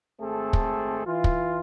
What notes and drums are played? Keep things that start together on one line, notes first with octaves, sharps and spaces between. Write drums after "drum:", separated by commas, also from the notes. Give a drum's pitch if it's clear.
G#1 A3 C4 G#4 A4
drum: kick
E3 F4
drum: kick